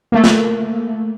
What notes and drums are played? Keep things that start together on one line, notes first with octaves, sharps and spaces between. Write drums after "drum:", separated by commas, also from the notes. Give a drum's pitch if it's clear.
A3 A#3
drum: snare